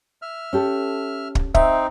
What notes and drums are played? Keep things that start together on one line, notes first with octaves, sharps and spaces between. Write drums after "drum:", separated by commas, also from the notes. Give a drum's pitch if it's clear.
E5 F6
C#4 G4 A4
drum: kick
C4 D#4 E5, drum: kick